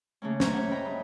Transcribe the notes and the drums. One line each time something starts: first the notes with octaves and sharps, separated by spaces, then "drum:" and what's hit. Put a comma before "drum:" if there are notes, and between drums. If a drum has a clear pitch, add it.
C#3 A3 A#3 C#4
C5 C#5 E5 A#5 C#6, drum: snare
C4 C#4 G#4 C#5 F#5
D#5 E5 G5 A#5 B5
G2